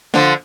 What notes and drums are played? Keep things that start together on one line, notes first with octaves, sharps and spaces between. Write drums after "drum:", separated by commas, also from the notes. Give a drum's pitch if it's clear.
D3 F3, drum: snare